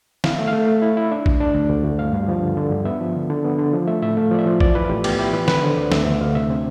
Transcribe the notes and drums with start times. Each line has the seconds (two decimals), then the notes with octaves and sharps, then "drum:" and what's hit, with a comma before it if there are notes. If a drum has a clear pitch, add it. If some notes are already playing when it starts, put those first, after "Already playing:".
0.24 E4 F5, drum: snare
0.35 A3 E5
0.48 F5
0.53 A3
0.67 A3
0.82 E4
0.97 E4
1.12 D4 E5
1.26 D2, drum: kick
1.40 D4
1.54 D2
1.70 D2
1.84 D2
1.99 G2 F5
2.13 G2
2.28 F3
2.43 D3
2.57 D3
2.71 G2
2.85 B3 E5
3.01 F3
3.16 D3
3.30 D3
3.44 B3
3.59 D3
3.73 F3
3.87 A3 E5
4.02 A2 E5
4.17 A3 F5
4.31 F3 D5
4.39 E5
4.46 F3
4.60 E3 D5, drum: kick
4.75 E4 B4
4.84 F4
4.90 A2 G4
5.04 B3 G4, drum: cymbal
5.19 E4 G4
5.33 E3 B4
5.48 D3 B4, drum: snare
5.63 D3 C5
5.77 D2 D5
5.92 D2 E5, drum: snare
6.06 D2 E5
6.21 D2 F5
6.35 C3 E5
6.50 C4